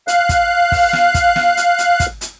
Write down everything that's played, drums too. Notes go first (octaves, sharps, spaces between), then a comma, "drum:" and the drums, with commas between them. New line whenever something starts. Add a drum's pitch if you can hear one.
F5 F#6, drum: hi-hat
drum: kick, hi-hat
drum: kick, open hi-hat
drum: snare
drum: kick, hi-hat
drum: snare
drum: hi-hat
drum: hi-hat
drum: kick, hi-hat
drum: hi-hat